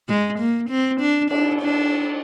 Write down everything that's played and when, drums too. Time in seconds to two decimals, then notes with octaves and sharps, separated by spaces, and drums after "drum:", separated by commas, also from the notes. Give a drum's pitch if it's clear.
0.09 G#3, drum: tom
0.39 A#3
0.70 C4
1.01 D4
1.31 D4, drum: cymbal
1.61 D4